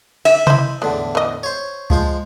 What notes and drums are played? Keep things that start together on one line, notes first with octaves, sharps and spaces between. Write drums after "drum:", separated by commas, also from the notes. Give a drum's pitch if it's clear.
E5, drum: cymbal
E4 C5 D#5, drum: tom C3
E2 A2 D3 G#3
E3 D#5
C5 C#5
F3 G#3 C5, drum: kick C#2